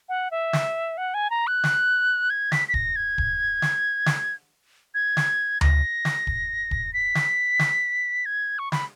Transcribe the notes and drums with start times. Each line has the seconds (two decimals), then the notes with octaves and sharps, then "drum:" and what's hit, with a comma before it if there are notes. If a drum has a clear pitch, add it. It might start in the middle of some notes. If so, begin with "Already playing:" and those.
0.09 F#5
0.31 E5
0.53 drum: snare
0.97 F#5
1.14 G#5
1.30 A#5
1.47 F#6
1.64 drum: snare
2.30 G#6
2.52 B6, drum: snare
2.68 B6
2.74 A#6, drum: kick
2.96 G#6
3.18 drum: kick
3.62 drum: snare
4.06 drum: snare
4.94 G#6
5.17 drum: snare
5.61 A#6, drum: tom D2
6.05 drum: snare
6.27 drum: kick
6.71 drum: kick
6.93 B6
7.15 drum: snare
7.59 drum: snare
8.26 G#6
8.59 C#6
8.72 B5, drum: snare